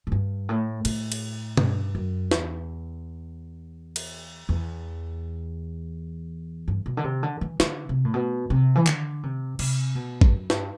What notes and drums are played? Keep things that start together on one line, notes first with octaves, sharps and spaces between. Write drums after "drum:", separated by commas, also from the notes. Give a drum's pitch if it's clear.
A2
G2
A2
A2, drum: cymbal
drum: cymbal
G2, drum: tom B2
F#2
E2, drum: snare
drum: cymbal
E2
G2
B2
D3
C3
D3
E3
E3, drum: snare
D3
C3
A2
B2
C3
E3
D3, drum: clap
C3
C3, drum: cymbal
B2
G2, drum: kick
F#2
G2, drum: snare